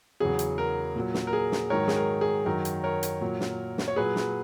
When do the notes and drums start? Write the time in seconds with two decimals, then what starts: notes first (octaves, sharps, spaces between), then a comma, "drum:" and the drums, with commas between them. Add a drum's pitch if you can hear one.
0.20 E2 C#3 F#3 G#4
0.39 drum: hi-hat
0.58 A#4
0.96 A#2 F#3
1.14 drum: snare
1.27 A#4
1.33 G#4
1.52 drum: snare
1.70 G#2 D#3 F#3 A#4 C#5
1.88 G#4, drum: snare
1.96 A#4
2.21 G#4
2.46 F#2 D#3 F#3 A#4
2.65 drum: hi-hat
2.84 A#4 C#5
3.03 drum: hi-hat
3.21 A#2 F#3
3.40 drum: snare
3.78 drum: snare
3.88 C#5
3.96 A#2 F#3 G#4 B4
4.16 drum: snare